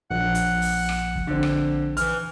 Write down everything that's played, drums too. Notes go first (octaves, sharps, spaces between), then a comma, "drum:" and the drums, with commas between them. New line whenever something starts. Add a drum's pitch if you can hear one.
A#1 F#5
drum: hi-hat
drum: open hi-hat
drum: rim click
drum: kick
D3 C4
drum: rim click
E3 F6, drum: hi-hat